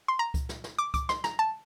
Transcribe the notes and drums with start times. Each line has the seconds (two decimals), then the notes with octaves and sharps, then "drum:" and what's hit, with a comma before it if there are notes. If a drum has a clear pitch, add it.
0.08 C6
0.19 A#5
0.34 drum: kick C#2, hi-hat
0.49 drum: snare
0.64 drum: snare
0.79 D6
0.94 D6, drum: kick C#2, hi-hat
1.09 C6, drum: snare
1.24 A#5, drum: snare
1.39 A5